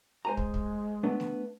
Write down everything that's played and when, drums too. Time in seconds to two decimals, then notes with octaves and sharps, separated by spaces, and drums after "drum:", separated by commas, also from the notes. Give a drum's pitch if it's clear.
0.25 G#3 C5 G#5 A#5
0.37 drum: kick
0.54 drum: kick
1.03 A3 B3 D4
1.20 drum: snare A3